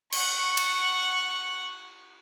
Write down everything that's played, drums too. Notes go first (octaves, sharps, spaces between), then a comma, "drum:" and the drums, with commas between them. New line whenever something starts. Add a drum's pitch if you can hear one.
F#5 C#6, drum: cymbal
drum: cymbal